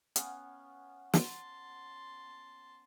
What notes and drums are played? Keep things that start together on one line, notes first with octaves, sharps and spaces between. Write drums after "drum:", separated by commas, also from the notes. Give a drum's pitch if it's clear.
B3 C#4 F5, drum: hi-hat
A5 C6, drum: snare